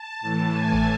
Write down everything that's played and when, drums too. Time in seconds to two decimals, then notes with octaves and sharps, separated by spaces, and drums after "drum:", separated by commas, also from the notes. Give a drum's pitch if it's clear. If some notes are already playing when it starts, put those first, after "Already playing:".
Already playing: A5
0.21 A2 E3
0.51 G#5
0.72 drum: kick G#1